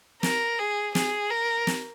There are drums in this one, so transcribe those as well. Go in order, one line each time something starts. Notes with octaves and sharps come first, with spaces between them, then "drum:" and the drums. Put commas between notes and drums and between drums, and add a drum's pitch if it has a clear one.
A#4, drum: snare
G#4
G#4, drum: snare
A#4
drum: snare